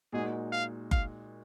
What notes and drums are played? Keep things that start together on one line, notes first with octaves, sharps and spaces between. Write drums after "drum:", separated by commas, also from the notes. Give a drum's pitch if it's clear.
A#2 G#3 D#4 F#4 G#4
F5
F5, drum: kick F#1